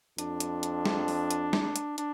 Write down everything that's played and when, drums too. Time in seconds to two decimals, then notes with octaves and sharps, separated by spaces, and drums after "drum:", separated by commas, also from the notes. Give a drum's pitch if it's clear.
0.18 F2 D4, drum: hi-hat
0.40 drum: hi-hat
0.63 drum: hi-hat
0.85 drum: snare
1.08 drum: open hi-hat
1.31 drum: hi-hat
1.53 drum: snare
1.76 drum: hi-hat
1.98 D4, drum: hi-hat